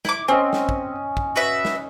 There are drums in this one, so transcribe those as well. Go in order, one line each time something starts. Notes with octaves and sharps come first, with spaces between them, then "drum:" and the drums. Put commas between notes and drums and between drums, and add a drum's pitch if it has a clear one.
E4 D6, drum: snare
C4 C#4 D#5
drum: snare
drum: kick
drum: kick
F#4 B4 E5
drum: snare